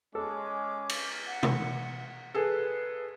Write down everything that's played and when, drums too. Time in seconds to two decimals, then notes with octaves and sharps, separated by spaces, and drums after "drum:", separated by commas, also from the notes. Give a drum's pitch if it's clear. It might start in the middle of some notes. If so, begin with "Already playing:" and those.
0.15 G#3 C#4 A4 D6
0.89 drum: cymbal
1.27 F#5
1.43 drum: tom B2
2.35 G#4 A4 B4